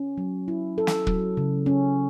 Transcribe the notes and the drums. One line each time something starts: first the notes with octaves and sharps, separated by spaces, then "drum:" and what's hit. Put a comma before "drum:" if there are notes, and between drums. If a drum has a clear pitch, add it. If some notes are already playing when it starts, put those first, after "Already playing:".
Already playing: C#4
F#3
E4
A4
drum: snare
F#3, drum: kick
C#3
C#4